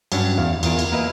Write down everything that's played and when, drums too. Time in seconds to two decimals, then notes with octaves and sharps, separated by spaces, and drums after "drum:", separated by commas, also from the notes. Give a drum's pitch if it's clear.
0.12 G2 F#3 C#4 D4, drum: cymbal
0.38 E2 F5
0.63 E2 F4 A#4 G#5, drum: cymbal
0.79 drum: cymbal
0.92 A#3 A#4 B4 D#5 E5 G#5